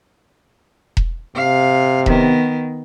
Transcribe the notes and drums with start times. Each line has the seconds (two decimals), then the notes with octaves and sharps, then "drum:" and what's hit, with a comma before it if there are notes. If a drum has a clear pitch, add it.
0.97 drum: kick E1
1.36 C3 F5
2.06 D#3 B3, drum: kick E1